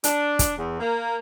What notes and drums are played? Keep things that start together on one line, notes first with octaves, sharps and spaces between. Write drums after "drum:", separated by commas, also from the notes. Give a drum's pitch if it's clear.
D4, drum: hi-hat
drum: kick, hi-hat
E2
A#3